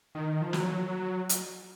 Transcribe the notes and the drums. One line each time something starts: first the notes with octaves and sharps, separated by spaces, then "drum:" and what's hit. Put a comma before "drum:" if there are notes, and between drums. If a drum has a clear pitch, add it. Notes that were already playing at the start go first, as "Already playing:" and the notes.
D#3
F3
F#3, drum: snare
drum: hi-hat